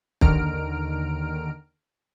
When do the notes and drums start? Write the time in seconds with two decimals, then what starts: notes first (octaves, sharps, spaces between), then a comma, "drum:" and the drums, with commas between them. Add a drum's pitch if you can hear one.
0.21 D#2 D3 D#3 A#5 F6 D7, drum: kick